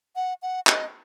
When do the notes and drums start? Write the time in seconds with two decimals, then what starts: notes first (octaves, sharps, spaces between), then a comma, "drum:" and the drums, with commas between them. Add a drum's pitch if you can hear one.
0.16 F#5
0.42 F#5
0.67 D#5, drum: clap